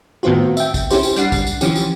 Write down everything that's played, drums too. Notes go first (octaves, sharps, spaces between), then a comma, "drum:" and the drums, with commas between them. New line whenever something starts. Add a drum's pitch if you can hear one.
A2 D#3 B3 C4 F4 F#4
E5 G5, drum: tambourine
drum: kick, tambourine
C#4 E4 G4 C5, drum: tambourine
drum: tambourine
G3 D4 F#5 C7, drum: tambourine
drum: kick, tambourine
drum: tambourine
E3 F3 C#4 G4, drum: tambourine
drum: tambourine